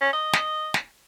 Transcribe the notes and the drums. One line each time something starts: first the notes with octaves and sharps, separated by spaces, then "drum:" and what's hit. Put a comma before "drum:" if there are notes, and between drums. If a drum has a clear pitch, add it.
C#4
D#5
drum: snare
drum: snare